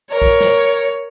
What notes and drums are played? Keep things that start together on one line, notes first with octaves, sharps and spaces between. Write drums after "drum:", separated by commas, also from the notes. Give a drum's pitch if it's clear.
A#4 C#5
drum: kick
drum: snare